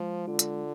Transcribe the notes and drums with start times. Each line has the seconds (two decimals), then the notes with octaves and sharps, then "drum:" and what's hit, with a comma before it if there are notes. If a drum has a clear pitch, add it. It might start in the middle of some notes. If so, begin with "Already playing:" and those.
Already playing: F3 G#3
0.28 D3 F4
0.39 drum: hi-hat